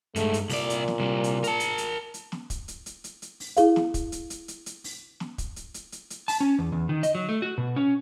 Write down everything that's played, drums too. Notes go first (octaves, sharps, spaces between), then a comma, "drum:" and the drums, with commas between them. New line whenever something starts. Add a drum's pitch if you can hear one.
G2 G#3 A3, drum: hi-hat
drum: hi-hat
C2 A#2 D5, drum: open hi-hat
drum: hi-hat
drum: snare
C3 G3
drum: hi-hat
A#4 A5, drum: hi-hat
drum: hi-hat
drum: hi-hat
drum: hi-hat
drum: snare
drum: kick, hi-hat
drum: hi-hat
drum: hi-hat
drum: hi-hat
drum: hi-hat
drum: open hi-hat
E4 G#4 F5, drum: hi-hat
drum: snare
drum: kick, hi-hat
drum: hi-hat
drum: hi-hat
drum: hi-hat
drum: hi-hat
drum: open hi-hat
drum: snare
drum: kick, hi-hat
drum: hi-hat
drum: hi-hat
drum: hi-hat
drum: hi-hat
A5, drum: open hi-hat
C#4
E2
E2
D#3
D#5, drum: hi-hat
F#3
A3
F#4
B2
C#4